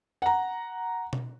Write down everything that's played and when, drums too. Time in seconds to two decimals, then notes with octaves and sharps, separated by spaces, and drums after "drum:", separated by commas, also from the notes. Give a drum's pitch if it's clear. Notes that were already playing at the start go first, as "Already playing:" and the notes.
0.22 F#5 A#5
1.13 drum: tom B2